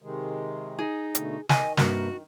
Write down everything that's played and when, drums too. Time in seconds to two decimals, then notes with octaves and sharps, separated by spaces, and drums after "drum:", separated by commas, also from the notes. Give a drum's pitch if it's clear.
0.03 C3 D#3 G#3
0.79 D#4 G#4
1.15 B2 D3 A3, drum: hi-hat
1.49 D#3 D#5 G#5, drum: snare
1.77 G2 C3 A#3 F#4 A#4, drum: snare